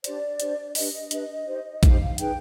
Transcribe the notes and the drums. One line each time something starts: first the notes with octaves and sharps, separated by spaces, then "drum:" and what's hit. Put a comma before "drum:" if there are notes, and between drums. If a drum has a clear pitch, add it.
D4 G4 C5 D5, drum: hi-hat
D4 G4 C5, drum: hi-hat
D4 G4 B4 D#5, drum: open hi-hat
D4 G4 B4, drum: hi-hat
D#4 G4 C5
D#4 G4 C5 F5, drum: kick A#1, hi-hat
D#4 G#4 B4 G5, drum: hi-hat